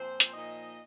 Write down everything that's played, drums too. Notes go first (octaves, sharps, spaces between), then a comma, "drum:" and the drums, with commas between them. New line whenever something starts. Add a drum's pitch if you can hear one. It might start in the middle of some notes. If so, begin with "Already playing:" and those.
Already playing: A#2 F3 C4 C5
drum: hi-hat
A#2 F3 D#4 D#5